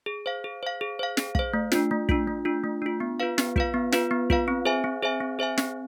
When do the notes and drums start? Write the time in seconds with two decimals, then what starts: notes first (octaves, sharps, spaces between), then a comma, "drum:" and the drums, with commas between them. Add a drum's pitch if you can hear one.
0.06 G#4
0.26 C5 F5
0.44 G#4
0.63 C5 F5
0.81 G#4
0.99 C5 F5
1.17 G#4, drum: snare
1.35 C5 F5, drum: kick
1.53 A3
1.72 D4 F4, drum: snare
1.91 A3
2.09 D4 F4, drum: kick
2.28 A3
2.45 D4 F4
2.64 A3
2.82 D4 F4
3.00 B3
3.20 F4 B4 F5
3.38 B3, drum: snare
3.56 F4 B4 F5, drum: kick
3.74 B3
3.92 F4 B4 F5, drum: snare
4.11 B3
4.30 F4 B4 F5, drum: kick
4.48 C4
4.66 G#4 C5 E5 G#5
4.84 C4
5.03 G#4 C5 E5 G#5
5.20 C4
5.39 G#4 C5 E5 G#5
5.58 C4, drum: snare